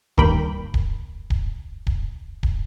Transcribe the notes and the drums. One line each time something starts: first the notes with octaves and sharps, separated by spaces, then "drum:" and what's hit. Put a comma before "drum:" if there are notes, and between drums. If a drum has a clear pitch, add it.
D2 G2 D#3 A#3 G5 B5, drum: kick D1
drum: kick D1
drum: kick D1
drum: kick D1
drum: kick D1